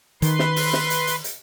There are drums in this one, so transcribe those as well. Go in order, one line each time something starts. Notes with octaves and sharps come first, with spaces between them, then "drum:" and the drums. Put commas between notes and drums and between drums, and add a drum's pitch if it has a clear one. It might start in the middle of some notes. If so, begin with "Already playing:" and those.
D#3 B4 C6, drum: hi-hat
drum: snare
drum: open hi-hat
drum: snare
drum: hi-hat
drum: hi-hat
drum: hi-hat